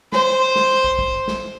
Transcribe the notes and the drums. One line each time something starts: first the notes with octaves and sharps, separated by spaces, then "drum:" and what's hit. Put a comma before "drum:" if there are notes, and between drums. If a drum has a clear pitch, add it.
C5, drum: snare
drum: snare
drum: kick
drum: kick
drum: snare